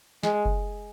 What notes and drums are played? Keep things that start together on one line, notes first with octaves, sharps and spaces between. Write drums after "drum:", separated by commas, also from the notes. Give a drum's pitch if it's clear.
G#3, drum: snare
drum: kick F#1